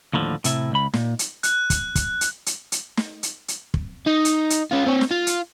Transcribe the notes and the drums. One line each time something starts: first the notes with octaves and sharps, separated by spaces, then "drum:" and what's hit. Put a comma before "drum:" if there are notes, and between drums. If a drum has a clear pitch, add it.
D#2 A2 D3 F3
A2 C3 E4, drum: hi-hat
C#2 B5
A#2, drum: snare
drum: hi-hat
F#6, drum: hi-hat
drum: kick, hi-hat
drum: kick, hi-hat
drum: hi-hat
drum: hi-hat
drum: hi-hat
drum: snare
drum: hi-hat
drum: hi-hat
drum: kick
D#4
drum: hi-hat
drum: hi-hat
C#4 F4
C4 C#5
drum: snare
F4
drum: hi-hat